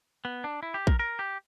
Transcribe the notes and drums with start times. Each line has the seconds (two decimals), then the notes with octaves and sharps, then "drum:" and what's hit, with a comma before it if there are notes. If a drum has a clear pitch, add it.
0.25 B3
0.44 D4
0.63 E4
0.74 G4
0.87 A#4, drum: kick
0.99 A#4
1.19 G4